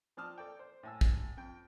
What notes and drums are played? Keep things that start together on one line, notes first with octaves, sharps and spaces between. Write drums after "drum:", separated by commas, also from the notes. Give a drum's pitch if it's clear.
F3 C4 D5 A5 D#6 F6
A4 D5 G5
C5
A2 G#5 E6
drum: kick
F2 G5